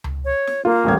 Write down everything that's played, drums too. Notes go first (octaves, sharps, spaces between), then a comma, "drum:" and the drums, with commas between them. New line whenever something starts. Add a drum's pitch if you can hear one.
drum: tom C#2
C#5
drum: snare
A#3 F4
D#1 A1 G#6